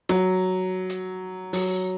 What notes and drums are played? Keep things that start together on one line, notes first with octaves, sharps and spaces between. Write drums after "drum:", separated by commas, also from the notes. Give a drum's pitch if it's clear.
F#3, drum: snare
drum: hi-hat
F#3, drum: open hi-hat